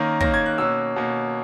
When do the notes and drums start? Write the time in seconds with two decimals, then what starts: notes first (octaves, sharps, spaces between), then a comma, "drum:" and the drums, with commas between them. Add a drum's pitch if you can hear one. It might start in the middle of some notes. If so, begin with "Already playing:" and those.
Already playing: D#3 A#3 C#4
0.20 D#3 A#3 C#4 A#6, drum: kick
0.34 G#6
0.46 F#6
0.58 B2 A#3 C#4 E6
0.96 B2 A#3 C#4